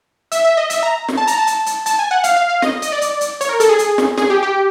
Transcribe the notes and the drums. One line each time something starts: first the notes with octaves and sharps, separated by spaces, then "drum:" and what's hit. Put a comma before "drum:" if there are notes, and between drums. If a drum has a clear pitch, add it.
E5, drum: hi-hat
E5
D#5
E5, drum: hi-hat
A#5
drum: snare
A5
A#5, drum: hi-hat
A5
drum: hi-hat
drum: hi-hat
A5, drum: hi-hat
G#5
F#5
F5, drum: hi-hat
F5
F5
D#5, drum: snare
D#5, drum: hi-hat
D5
drum: hi-hat
drum: hi-hat
C#5, drum: hi-hat
A#4
A4, drum: hi-hat
G#4
drum: hi-hat
drum: snare
G#4, drum: snare
G4
G4